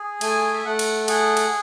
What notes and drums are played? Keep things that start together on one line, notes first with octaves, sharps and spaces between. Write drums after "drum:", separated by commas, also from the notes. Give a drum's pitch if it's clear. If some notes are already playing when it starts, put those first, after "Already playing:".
Already playing: G#4
A3 G#5, drum: cymbal
E5
A3 F#5
drum: cymbal
G#4 F#5, drum: cymbal
drum: cymbal